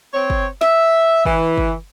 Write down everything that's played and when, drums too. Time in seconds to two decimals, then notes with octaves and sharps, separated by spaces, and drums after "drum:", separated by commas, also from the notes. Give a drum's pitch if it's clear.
0.14 C4 C#5
0.30 drum: kick
0.61 E5, drum: snare
1.25 E3, drum: kick
1.58 drum: kick